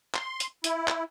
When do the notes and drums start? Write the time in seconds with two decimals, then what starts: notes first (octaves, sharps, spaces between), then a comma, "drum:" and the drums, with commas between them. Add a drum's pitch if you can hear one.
0.15 C6, drum: clap
0.40 drum: hi-hat
0.64 E4, drum: hi-hat
0.88 drum: clap